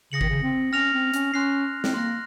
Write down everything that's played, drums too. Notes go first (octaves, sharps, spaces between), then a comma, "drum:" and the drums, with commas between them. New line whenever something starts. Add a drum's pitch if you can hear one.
C#3 D#6 A#6 C#7 F#7
D#3, drum: kick G1
C#3
C4
C#4 F6 A#6 F7
C4
C#4, drum: hi-hat
C#4 C6 F#6 C7
C4, drum: snare
A#3 C6 F#6 A#6